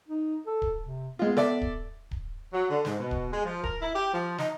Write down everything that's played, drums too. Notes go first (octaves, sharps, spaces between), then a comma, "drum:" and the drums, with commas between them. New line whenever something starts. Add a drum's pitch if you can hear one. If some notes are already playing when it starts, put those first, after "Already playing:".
D#4
A4
drum: kick D1
C3
G#3 B3 F4
A4 D5 E5, drum: snare
drum: kick D1
drum: kick D1
F#3
D3
G#2, drum: snare
B2
drum: kick D1
G#3
F3
A#4, drum: kick D1
E4
G4
F3
D#4, drum: snare